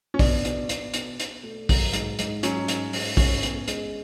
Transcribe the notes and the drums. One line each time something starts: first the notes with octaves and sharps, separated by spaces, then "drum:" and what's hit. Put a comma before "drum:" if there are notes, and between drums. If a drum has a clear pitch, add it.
C#4
B2 D4, drum: kick, open hi-hat
B2, drum: hi-hat
B2, drum: hi-hat
B2, drum: hi-hat
B2, drum: hi-hat
A3
F#3, drum: kick, open hi-hat
G#2, drum: hi-hat
G#2, drum: hi-hat
F#3 C#4, drum: hi-hat
G#2, drum: hi-hat
G#2, drum: open hi-hat
G#2 C#4, drum: kick, open hi-hat
B3, drum: hi-hat
G#3, drum: hi-hat